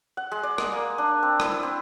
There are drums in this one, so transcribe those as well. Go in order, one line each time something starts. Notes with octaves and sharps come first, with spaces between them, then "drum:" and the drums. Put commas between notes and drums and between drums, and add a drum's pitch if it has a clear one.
F#5
G#3
D5
D#5, drum: rim click
A#3
D4
C4
E4, drum: rim click
E4
C4